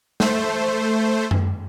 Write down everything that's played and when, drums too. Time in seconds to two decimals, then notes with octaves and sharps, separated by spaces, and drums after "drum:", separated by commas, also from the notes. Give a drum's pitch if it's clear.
0.20 A3 C5, drum: snare
1.31 drum: tom F#2